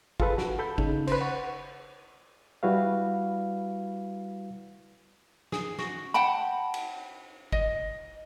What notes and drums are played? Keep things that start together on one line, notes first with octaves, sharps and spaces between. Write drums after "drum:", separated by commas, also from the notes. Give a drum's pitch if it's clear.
F4 G#4 A4 B4, drum: kick
F#4, drum: snare
A4 B5 G6
C#3 D#4, drum: kick
B4 C5, drum: cymbal
F#5 C#6
G3 E4 F#4 B4 F5
G#4, drum: snare
F#4, drum: snare
F#5 G5 A5 B5
drum: cymbal
D#5, drum: kick